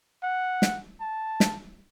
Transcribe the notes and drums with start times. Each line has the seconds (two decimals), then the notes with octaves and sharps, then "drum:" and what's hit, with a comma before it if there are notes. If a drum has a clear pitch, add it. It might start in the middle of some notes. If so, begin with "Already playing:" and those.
0.23 F#5
0.62 drum: snare
1.01 A5
1.40 drum: snare